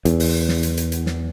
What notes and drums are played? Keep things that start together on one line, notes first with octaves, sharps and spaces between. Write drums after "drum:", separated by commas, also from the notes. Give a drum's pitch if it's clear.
E2, drum: hi-hat
drum: open hi-hat
drum: snare
drum: hi-hat
drum: hi-hat
drum: hi-hat
drum: snare